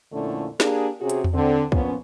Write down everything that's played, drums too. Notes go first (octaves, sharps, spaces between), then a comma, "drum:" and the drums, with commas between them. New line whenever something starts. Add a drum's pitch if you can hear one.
F2 A#2 D3 A3 C#4 E4
A#3 D4 G4 G#4, drum: snare
C3 C#4 F#4 G#4
drum: hi-hat
drum: tom E2
D3 C4
A#2 F3 B3 C#4, drum: kick